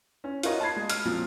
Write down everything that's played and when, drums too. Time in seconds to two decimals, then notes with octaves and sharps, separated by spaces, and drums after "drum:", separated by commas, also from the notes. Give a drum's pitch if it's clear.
0.24 C#4
0.43 F4 F#4 A#4 C#5 D#5, drum: hi-hat
0.61 A5 B5 G#6 C7
0.76 G#3
0.90 F6, drum: hi-hat
1.05 F2 A#2 F3 F#3